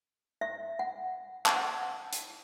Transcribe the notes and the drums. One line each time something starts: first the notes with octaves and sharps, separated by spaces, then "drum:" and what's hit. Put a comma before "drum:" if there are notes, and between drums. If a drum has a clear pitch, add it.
E5
F#5
A5, drum: clap
F#5
drum: hi-hat